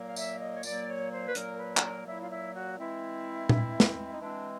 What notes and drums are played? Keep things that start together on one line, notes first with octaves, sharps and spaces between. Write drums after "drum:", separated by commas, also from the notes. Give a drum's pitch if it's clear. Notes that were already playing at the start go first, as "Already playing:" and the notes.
Already playing: A#2 F#3 A#3
F5
E5, drum: tambourine
D#5
C#5
A#2 F#3 A#3 D5, drum: tambourine
C#5
C5
B4
A#2 F#3 A#3 A#4, drum: hi-hat
B4
A4, drum: clap
A#4
A#2 F#3 A#3 E4
F4
E4
F#4
E3 G#3 C4 E4
E3 G#3 C4, drum: tom A#2
drum: snare
D#4
E3 G#3 C4 D4